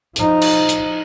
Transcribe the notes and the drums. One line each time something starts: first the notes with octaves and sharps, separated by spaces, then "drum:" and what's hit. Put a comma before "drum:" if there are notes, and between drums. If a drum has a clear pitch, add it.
F3 D#4, drum: hi-hat
drum: cymbal
drum: hi-hat